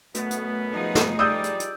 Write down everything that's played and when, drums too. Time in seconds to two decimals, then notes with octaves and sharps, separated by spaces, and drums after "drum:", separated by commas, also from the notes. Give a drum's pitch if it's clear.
0.14 F#2 B2 A3 B3, drum: hi-hat
0.31 drum: hi-hat
0.71 F3 D#4 G#4
0.95 drum: snare
1.19 G3 D5 D#6 E6 G6
1.44 drum: hi-hat
1.60 drum: hi-hat